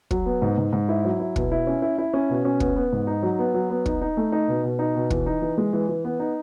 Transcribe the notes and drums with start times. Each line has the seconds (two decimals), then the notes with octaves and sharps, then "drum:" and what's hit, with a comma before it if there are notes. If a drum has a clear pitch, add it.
0.11 F#3, drum: kick
0.26 B3
0.42 G#2
0.58 G#2
0.73 G#2
0.89 E4
1.05 F#3
1.20 E4
1.36 B2, drum: kick
1.52 E4
1.67 C#4
1.82 E4
1.98 E4
2.14 C#4
2.30 B2
2.45 C#4
2.60 B3, drum: kick
2.76 B3
2.92 G#2
3.07 D#4
3.23 F#3
3.39 B3
3.54 F#3
3.70 B3
3.86 D#4, drum: kick
4.02 D#4
4.17 A3
4.32 D#4
4.48 B2
4.63 B2
4.79 D#4
4.95 B2
5.10 E3, drum: kick
5.26 D#4
5.42 E3
5.58 G#3
5.73 E3
5.89 E3
6.04 B3
6.20 D#4